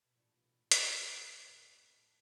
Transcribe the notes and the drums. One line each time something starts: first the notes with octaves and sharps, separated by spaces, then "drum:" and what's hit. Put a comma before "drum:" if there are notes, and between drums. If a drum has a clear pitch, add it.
B2
A2 E3 G3 D4 F4
A2
B2
A2
drum: hi-hat
C2 G2 B2 A3 C4 E4
A2
G2
D2 A2 D3 F3 B3
G2
A2